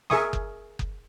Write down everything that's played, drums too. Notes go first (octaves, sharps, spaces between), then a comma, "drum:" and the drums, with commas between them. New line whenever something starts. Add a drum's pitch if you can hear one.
G#4 A#4 E5 G#5 C#6 D#6, drum: snare
drum: kick F#1
drum: kick F#1